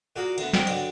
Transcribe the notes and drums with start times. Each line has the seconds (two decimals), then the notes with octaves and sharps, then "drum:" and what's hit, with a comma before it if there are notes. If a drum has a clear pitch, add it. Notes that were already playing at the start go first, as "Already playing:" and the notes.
0.16 A#2 A#3 F#4 G#4
0.38 D2 B3, drum: cymbal
0.53 G#3 C4 D4 A#4 D5 D#5, drum: snare
0.67 G2 D3 F#3, drum: cymbal